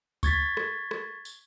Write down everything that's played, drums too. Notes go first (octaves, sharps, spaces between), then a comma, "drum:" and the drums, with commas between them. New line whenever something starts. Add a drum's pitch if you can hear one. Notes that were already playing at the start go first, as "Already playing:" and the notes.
C#6 G#6 A6 B6, drum: kick C#2, tambourine
drum: rim click
drum: rim click
drum: tambourine